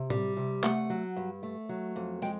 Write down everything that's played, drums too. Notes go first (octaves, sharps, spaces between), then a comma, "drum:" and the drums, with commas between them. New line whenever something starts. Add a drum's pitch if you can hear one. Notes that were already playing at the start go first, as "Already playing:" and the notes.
Already playing: C3
G3, drum: tom A2
C3
A3 F#5, drum: clap
F#3
G2
A3
F#3
F2
G#3 G5, drum: open hi-hat